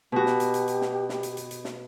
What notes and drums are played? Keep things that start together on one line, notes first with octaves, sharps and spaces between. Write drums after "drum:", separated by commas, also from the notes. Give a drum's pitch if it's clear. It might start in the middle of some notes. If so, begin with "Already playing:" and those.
B2 F#4 G4
drum: snare
drum: hi-hat
drum: hi-hat
drum: hi-hat
drum: snare
drum: snare
drum: hi-hat
drum: hi-hat
drum: hi-hat
drum: snare